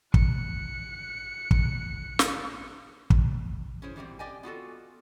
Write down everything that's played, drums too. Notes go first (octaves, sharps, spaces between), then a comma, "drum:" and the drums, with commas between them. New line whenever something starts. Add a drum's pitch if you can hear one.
F#6 C#7, drum: kick
drum: kick
drum: snare
drum: kick
C#4 E4 G#4 C5 C#5
B2 E3 G3 A#3 C4
G4 D5 D#5 G5 G#5
B3 F4 F#4 A4